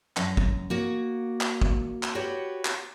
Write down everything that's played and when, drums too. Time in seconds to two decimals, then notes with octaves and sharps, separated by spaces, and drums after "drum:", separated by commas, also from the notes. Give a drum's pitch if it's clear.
0.17 F#2 A#5, drum: clap
0.37 drum: kick
0.70 A#3 F#4
1.41 drum: clap
1.62 drum: kick
2.03 drum: clap
2.15 F#4 G4 B4 C#5
2.65 drum: clap